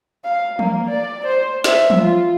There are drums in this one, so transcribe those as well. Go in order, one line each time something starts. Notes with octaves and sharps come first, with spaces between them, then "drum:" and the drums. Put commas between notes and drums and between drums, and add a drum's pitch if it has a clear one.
F5
A#3, drum: tom E3
D5
C5
E5, drum: snare
drum: tom E3
F4